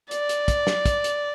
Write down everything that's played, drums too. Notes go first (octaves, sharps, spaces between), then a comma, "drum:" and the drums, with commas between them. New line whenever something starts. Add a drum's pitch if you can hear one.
D5, drum: hi-hat
drum: hi-hat
drum: kick, hi-hat
drum: snare
drum: kick, hi-hat
drum: hi-hat